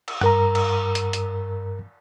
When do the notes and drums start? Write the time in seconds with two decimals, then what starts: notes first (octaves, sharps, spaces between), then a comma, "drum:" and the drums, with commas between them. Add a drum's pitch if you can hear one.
0.08 drum: cymbal
0.21 G2 A#4 A#5, drum: rim click
0.55 drum: cymbal
0.95 drum: hi-hat
1.13 drum: hi-hat